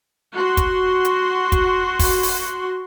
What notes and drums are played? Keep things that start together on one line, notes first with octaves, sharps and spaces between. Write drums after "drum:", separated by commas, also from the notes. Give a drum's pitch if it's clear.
F#4 C6
drum: kick, hi-hat
drum: hi-hat
drum: kick, hi-hat
drum: kick, open hi-hat
drum: open hi-hat